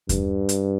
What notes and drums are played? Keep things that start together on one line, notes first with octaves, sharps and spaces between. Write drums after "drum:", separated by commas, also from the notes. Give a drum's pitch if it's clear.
G2, drum: kick E2, hi-hat
drum: hi-hat